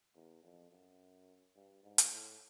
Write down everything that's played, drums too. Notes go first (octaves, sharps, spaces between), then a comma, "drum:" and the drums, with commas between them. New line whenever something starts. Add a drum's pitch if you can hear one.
E2
F2
F#2
G2
G#2
drum: hi-hat
A2